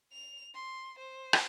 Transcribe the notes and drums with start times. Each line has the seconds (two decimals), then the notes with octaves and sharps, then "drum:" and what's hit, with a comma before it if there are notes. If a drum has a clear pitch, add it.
0.12 F7
0.55 C6
0.98 C5
1.33 drum: rim click